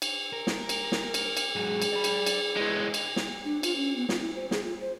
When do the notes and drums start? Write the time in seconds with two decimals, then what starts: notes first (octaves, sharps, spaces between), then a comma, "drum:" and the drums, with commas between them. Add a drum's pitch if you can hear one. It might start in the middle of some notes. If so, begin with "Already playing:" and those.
0.02 drum: cymbal
0.33 A#4
0.47 drum: snare
0.69 drum: cymbal
0.92 drum: snare
1.14 drum: cymbal
1.37 drum: cymbal
1.56 G#2 F#3 G#4
1.82 drum: cymbal
1.93 D5 B5
2.04 drum: cymbal
2.26 drum: cymbal
2.57 E3 G#3 B4 C#5
2.94 drum: cymbal
3.16 drum: snare
3.45 D4
3.63 F4, drum: cymbal
3.77 C#4
3.96 B3
4.09 F4, drum: snare
4.21 E4
4.36 C5
4.51 G#4, drum: snare
4.64 F4
4.81 C5